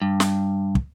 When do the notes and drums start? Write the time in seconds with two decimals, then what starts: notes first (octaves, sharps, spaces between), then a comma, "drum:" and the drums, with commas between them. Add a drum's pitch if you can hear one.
0.02 G2
0.20 drum: snare
0.75 drum: kick